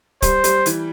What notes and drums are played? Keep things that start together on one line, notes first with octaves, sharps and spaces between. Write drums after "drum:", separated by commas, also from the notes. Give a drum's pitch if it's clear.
G3 C5, drum: kick C#1, hi-hat
G3, drum: hi-hat
E3, drum: hi-hat